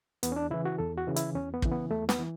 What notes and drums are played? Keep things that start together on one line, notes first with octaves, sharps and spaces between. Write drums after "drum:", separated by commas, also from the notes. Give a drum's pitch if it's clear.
E2 B3, drum: hi-hat
C#4
D4
C#3 E3 E4
F#4
E2 A4
F#4
C#3 E3
E4, drum: hi-hat
E2 C#4
B3
C#3 E3, drum: kick
B3
E2 A3
B3, drum: snare
E3